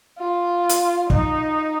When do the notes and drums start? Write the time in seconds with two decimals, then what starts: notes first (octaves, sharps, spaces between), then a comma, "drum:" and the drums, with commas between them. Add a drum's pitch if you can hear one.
0.18 F4
0.69 drum: hi-hat
1.10 D#4, drum: kick